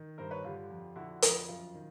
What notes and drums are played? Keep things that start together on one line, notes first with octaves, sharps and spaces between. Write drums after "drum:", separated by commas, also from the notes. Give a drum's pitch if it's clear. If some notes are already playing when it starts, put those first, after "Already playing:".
Already playing: D#3
G2 A#4 C5
B4 C#5
D3 F4 G4
F2
D3 E4 F#4
F2, drum: hi-hat
F#2 F4
D#3